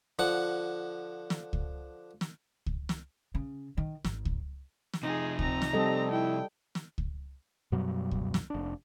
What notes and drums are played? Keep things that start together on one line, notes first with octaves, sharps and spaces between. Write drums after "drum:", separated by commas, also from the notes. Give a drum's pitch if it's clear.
D3 F3 F#5
drum: snare
drum: kick C#2
drum: snare
drum: kick C#2
drum: snare
C#3
D#3
G#1, drum: snare
drum: kick C#2
drum: snare
C3 F3 D#4 G#4
C4 D#4 A#5, drum: kick C#2
drum: snare
G3 C4 A4 D#5
E4 G5
drum: snare
drum: kick C#2
F#2 B2 F#3 G3
drum: kick C#2
drum: snare
F1 D4